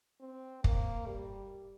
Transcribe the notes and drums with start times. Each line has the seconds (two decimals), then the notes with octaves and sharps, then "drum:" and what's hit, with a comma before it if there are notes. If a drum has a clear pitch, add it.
0.20 C4
0.64 A#3, drum: kick
1.07 G3